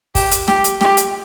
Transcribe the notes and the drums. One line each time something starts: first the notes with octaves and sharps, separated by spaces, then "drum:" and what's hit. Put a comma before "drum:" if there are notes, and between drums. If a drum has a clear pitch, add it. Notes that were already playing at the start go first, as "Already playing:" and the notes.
G4, drum: kick, open hi-hat
drum: hi-hat
G4, drum: snare
drum: hi-hat
G4, drum: snare
drum: hi-hat